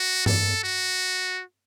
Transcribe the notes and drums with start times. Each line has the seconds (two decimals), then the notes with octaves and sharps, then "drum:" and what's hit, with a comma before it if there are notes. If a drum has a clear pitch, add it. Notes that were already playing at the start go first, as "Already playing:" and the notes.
Already playing: F#4
0.26 A4, drum: tom G2
0.63 F#4